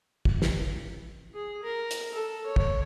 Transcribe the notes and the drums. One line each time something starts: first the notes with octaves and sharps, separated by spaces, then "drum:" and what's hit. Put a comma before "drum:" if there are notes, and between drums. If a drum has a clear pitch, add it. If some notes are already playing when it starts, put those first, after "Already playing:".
drum: kick
drum: snare
G#4
A#4
drum: hi-hat
A4
C#5
drum: kick